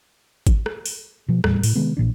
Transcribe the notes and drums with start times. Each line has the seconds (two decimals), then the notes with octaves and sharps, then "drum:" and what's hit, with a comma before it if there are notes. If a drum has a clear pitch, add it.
0.47 drum: kick, hi-hat
0.66 drum: rim click
0.86 drum: open hi-hat
1.28 B2 F3
1.44 D#1 E2 A2 G3, drum: rim click
1.63 A2, drum: open hi-hat
1.75 C3 D#3 G#3 B3
1.97 A#1 A#2 E3 D4